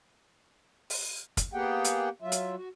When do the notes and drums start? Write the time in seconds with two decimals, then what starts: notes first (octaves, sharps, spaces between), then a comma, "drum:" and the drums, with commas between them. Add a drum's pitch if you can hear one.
0.90 drum: open hi-hat
1.37 drum: kick, hi-hat
1.54 A#3 B3 G4 G#4 F#5 G5
1.84 drum: hi-hat
2.22 F#3 F4 E5
2.32 drum: hi-hat
2.55 F#4